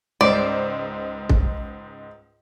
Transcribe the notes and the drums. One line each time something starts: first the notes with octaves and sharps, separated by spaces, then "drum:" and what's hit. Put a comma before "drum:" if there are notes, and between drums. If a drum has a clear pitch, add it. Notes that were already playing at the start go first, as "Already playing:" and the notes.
C#2 G#2 C5 D5
drum: kick